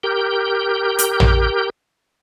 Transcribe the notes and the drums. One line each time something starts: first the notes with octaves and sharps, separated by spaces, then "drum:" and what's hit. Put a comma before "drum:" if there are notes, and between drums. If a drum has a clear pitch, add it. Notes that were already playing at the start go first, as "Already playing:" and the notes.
G4 A#4 G6
drum: hi-hat
drum: tom